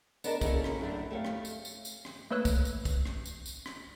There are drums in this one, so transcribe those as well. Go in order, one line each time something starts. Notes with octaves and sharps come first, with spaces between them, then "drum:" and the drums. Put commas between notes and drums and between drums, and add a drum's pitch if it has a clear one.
B3 D4 A#4 D#5 A5, drum: tambourine
C#3 A#3 C#4 E4 F#4 A4, drum: kick, tambourine
drum: rim click
F#2 A2 A3 D4 E4
A3 G4 A4 C#5 F5
drum: rim click
drum: tambourine
drum: tambourine
drum: tambourine
drum: rim click
A3 A#3 B4 C#5 E6 F#6
drum: kick, tambourine
drum: tambourine
drum: kick, tambourine
drum: rim click
drum: tambourine
drum: tambourine
drum: rim click